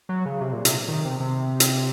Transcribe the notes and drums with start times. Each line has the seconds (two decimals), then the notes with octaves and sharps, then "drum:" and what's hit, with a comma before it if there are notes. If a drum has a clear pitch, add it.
0.09 F#3
0.26 C#3
0.41 C3
0.53 A#2
0.65 C3, drum: hi-hat
0.88 D#3
1.05 C3
1.20 C3
1.60 drum: hi-hat